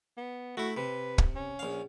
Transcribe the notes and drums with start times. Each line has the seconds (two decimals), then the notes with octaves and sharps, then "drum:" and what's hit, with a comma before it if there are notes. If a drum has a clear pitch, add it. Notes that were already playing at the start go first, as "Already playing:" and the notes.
0.18 B3
0.57 A3 E4 F#4
0.77 C3 B4
1.18 drum: kick
1.36 C#4
1.59 A#1 F5